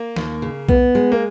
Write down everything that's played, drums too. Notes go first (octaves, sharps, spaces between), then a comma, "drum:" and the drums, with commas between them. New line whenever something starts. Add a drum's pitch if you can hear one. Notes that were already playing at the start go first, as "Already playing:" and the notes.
Already playing: A#3
D#2, drum: snare
C#3
B3, drum: kick B1
G#3
A#3